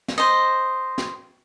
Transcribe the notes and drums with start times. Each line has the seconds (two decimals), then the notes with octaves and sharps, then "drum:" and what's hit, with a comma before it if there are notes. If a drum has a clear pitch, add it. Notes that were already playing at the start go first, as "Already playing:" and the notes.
0.08 drum: snare
0.18 C5 D#5
0.98 drum: snare